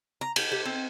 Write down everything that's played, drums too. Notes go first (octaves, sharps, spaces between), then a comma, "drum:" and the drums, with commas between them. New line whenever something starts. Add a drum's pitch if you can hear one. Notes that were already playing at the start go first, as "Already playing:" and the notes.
A#5
G4, drum: cymbal
G4
C4